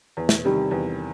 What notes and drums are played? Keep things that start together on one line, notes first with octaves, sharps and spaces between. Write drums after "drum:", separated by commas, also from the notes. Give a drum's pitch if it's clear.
E2
drum: snare
C3 D#3 G3
E2